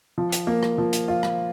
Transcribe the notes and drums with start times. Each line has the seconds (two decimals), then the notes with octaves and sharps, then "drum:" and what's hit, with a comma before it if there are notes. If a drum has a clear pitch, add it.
0.18 F3
0.32 drum: hi-hat
0.47 A#3
0.63 drum: rim click
0.78 F3
0.93 drum: hi-hat
1.08 F4
1.23 drum: rim click